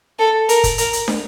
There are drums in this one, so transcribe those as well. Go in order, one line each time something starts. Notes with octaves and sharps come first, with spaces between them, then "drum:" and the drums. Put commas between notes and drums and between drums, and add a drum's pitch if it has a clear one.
A4
A#4, drum: hi-hat
drum: kick, hi-hat
A#4, drum: hi-hat
drum: hi-hat
drum: snare